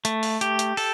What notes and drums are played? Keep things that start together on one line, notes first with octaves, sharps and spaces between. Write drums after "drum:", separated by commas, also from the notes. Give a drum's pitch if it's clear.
A3, drum: hi-hat
drum: open hi-hat
G4, drum: hi-hat
drum: hi-hat
A4, drum: open hi-hat